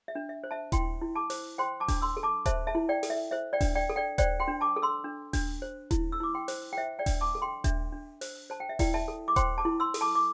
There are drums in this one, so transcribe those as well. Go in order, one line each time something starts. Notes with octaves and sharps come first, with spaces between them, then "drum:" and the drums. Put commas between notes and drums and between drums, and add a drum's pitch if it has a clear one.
E5
D4
E5
C5
E5 A5
E4 G5 C6, drum: kick D#1, hi-hat
E4
A5 D6
C5, drum: open hi-hat
C5 G5 C6
A5 D6
D4, drum: kick D#1, open hi-hat
C6 E6
A4
A5 D6
C5 E5 A5, drum: kick D#1, hi-hat
E5 A5
E4
D5 G5
A4, drum: open hi-hat
E5
C5 E5
D5 G5
D4, drum: kick D#1, open hi-hat
D5 G5
A4
D5 G5
C5 D5 G5, drum: kick D#1, hi-hat
G5 C6
D4
A5 D6
A4
C6 E6
D4
D4, drum: kick D#1, open hi-hat
C5
E4, drum: kick D#1, hi-hat
E6
E4 D6
G5 C6
C5, drum: open hi-hat
G5
C5 E5
D5 G5
D4, drum: kick D#1, open hi-hat
A5 D6
A4
G5 C6
D4 E5, drum: kick D#1, hi-hat
D4
C5, drum: open hi-hat
C5 A5
G5
E5
E4 D5 G5, drum: kick D#1, open hi-hat
E5 A5
A4
D6
C5 G5 C6, drum: kick D#1, hi-hat
A5 D6
E4
C6 E6
A4, drum: open hi-hat
A5 D6
D6